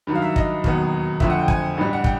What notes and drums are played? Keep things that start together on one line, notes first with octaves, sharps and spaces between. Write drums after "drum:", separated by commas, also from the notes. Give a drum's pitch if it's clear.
G2 D#3 F#3
F5
E5
D#5, drum: kick
E1 D#2 D#3 F#3 B3, drum: kick
F2 D3 F3 A3 E5, drum: kick
F#5
G5
G#5, drum: kick
A1 G2 E3 G3
F#5
G5, drum: kick